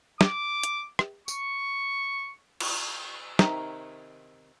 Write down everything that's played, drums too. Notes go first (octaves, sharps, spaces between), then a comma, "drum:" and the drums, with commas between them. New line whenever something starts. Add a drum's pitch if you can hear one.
D6, drum: snare
drum: hi-hat
drum: rim click
C#6, drum: tambourine
drum: cymbal
C3 D#3, drum: snare